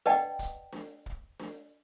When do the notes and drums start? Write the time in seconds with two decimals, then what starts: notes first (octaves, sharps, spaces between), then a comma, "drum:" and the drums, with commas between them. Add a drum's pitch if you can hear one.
0.06 B4 D5 D#5 F#5 G5 A5, drum: snare D4
0.39 drum: kick, hi-hat
0.73 drum: snare D4
1.06 drum: kick
1.40 drum: snare D4